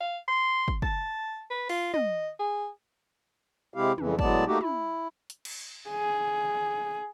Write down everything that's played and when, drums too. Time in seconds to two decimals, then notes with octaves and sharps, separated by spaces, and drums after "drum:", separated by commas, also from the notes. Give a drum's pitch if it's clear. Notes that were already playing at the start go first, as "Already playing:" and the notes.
0.01 F5
0.28 C6
0.68 drum: kick
0.82 A5, drum: kick
1.50 B4
1.69 F4, drum: open hi-hat
1.94 D#5, drum: tom
2.39 G#4
3.74 C3 G#3 C4 E4 G4 F5
3.98 F2 C#3 E3, drum: tom
4.19 A2 F#3 G#3 B3 D5 A5, drum: kick
4.46 A3 A#3 D#4 F#4 G4
4.61 E4, drum: tom
5.30 drum: hi-hat
5.45 drum: cymbal
5.90 G#4